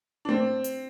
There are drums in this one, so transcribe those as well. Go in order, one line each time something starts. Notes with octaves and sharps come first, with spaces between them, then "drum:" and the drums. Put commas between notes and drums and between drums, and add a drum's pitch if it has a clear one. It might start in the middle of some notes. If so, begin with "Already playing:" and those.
D4
C4, drum: tom A3
drum: hi-hat